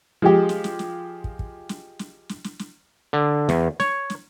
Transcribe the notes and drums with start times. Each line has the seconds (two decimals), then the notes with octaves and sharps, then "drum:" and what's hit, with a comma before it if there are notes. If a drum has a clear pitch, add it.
0.22 F3 G#3 G4
0.49 drum: snare
0.64 drum: snare
0.79 drum: snare
1.24 drum: kick
1.39 drum: kick
1.69 drum: snare
1.99 drum: snare
2.29 drum: snare
2.44 drum: snare
2.59 drum: snare
3.13 D3
3.49 E2, drum: snare
3.80 C#5, drum: snare
4.10 drum: snare